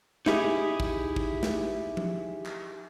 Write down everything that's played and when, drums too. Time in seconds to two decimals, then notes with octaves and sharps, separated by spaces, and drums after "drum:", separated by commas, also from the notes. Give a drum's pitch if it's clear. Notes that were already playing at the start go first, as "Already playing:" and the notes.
0.26 D#4 E4 G4 G#4, drum: snare
0.80 drum: kick
1.16 drum: kick
1.43 drum: snare
1.97 drum: tom F3
2.45 drum: clap